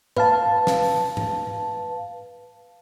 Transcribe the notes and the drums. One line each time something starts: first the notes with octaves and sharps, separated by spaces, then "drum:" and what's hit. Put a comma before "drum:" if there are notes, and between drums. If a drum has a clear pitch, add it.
B4 F5 A5, drum: tom G#2
drum: snare
drum: open hi-hat
drum: tom G#2